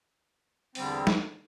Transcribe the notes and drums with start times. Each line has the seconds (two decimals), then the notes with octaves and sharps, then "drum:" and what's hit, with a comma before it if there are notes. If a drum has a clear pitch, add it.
0.75 E2 D3 G3 C4, drum: open hi-hat
1.07 drum: snare